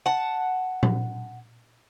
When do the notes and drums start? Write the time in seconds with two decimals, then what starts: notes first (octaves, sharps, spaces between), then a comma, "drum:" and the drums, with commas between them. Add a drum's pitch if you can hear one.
0.06 F#5 A5
0.83 drum: tom A#2